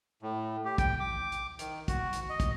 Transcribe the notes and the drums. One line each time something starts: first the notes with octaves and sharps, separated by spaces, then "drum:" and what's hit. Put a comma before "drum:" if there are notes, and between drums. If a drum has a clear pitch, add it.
A2
G4
G5, drum: kick, hi-hat
D6
drum: hi-hat
D#3, drum: hi-hat
F#4, drum: kick, hi-hat
drum: hi-hat
D#5
drum: kick, hi-hat